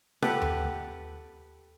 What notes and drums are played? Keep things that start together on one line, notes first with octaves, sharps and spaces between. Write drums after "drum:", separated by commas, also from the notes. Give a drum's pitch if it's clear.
G4 A4 B4 F#5, drum: snare F4
drum: tom D#2